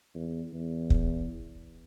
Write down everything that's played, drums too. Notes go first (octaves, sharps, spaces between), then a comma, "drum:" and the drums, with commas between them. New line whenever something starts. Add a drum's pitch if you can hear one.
E2
E2
drum: kick